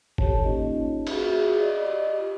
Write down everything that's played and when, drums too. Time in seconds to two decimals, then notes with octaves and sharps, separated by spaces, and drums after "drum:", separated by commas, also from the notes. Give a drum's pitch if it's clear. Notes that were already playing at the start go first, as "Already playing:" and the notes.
0.18 G4 A4 C#5 A5, drum: kick
0.44 A#3 C#4 D#4 F4 D#5
1.07 F#4 G#4 E5, drum: cymbal
1.60 D5 D#5
1.86 G4 D#5
2.19 F4